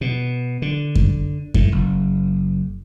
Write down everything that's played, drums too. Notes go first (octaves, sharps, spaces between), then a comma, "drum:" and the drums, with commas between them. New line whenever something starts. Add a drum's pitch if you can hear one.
B2
D3
drum: kick F#2
A2, drum: kick F#2
F#1